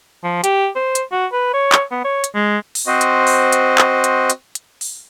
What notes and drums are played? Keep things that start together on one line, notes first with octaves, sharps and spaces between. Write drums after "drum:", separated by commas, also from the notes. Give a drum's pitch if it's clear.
F3
G4, drum: hi-hat
C5
drum: hi-hat
F#4
B4
C#5
drum: clap
B3
C#5
drum: hi-hat
G#3
drum: open hi-hat
C4 F#4 C5 D#5
drum: hi-hat
drum: open hi-hat
drum: hi-hat
drum: clap
drum: hi-hat
drum: hi-hat
drum: hi-hat
drum: open hi-hat